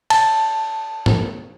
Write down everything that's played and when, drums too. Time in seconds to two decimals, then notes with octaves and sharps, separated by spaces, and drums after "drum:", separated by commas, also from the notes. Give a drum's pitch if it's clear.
0.10 A5, drum: cymbal
1.06 drum: tom G#2